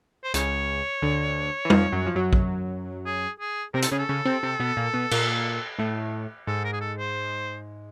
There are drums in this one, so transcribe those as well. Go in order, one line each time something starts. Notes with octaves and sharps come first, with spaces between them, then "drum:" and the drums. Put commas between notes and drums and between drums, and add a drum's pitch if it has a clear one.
C5
C#2 C#3 C#5, drum: hi-hat
D2 D3
E3
F2 F3, drum: tom
F#2 F#3
F3
F#2 F#3
drum: kick
G#4
G#4
C3 C4 A#4
A4, drum: hi-hat
C#3 C#4 G#4
A4
C#3 C#4
C3 C4
C3 C4
B2 B3
A#2 A#3
B2 B3
A#2 A#3, drum: cymbal
A2 A3
G#2 G#3 A4
A#4
G#4
A4
C5